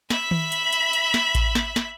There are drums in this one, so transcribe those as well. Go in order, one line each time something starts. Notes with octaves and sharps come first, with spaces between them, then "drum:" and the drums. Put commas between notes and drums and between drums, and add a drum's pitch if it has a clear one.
E5 B5, drum: snare
drum: tom D#3
drum: hi-hat
drum: hi-hat
drum: hi-hat
drum: snare
drum: kick A1, hi-hat
drum: snare
drum: snare